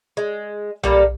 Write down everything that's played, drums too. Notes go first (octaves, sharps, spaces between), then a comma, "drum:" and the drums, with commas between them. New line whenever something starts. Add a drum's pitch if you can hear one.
G#3
G3 A#3 A4, drum: tom B1